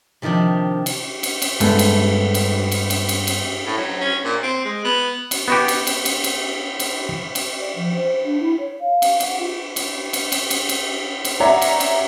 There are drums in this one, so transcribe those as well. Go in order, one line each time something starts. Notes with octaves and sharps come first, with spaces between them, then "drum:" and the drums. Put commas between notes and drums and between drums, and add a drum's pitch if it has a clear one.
C3 D#3 F3 D4 G4
drum: cymbal
drum: cymbal
drum: cymbal
G2 G#3 A3 B3, drum: cymbal
drum: cymbal
drum: cymbal
drum: cymbal
drum: cymbal
drum: cymbal
drum: cymbal
A2
F#3
C#4
A#2
C4
G#3
B3
drum: cymbal
B3 F#4 G4
drum: cymbal
drum: cymbal
drum: cymbal
drum: cymbal
drum: cymbal
drum: cymbal
D5
F3
C5
D4
E4
C#5
F5
drum: cymbal
F#5, drum: cymbal
F4
drum: cymbal
drum: cymbal
drum: cymbal
drum: cymbal
drum: cymbal
drum: cymbal
C#5 D5 E5 F#5 A#5
drum: cymbal
drum: cymbal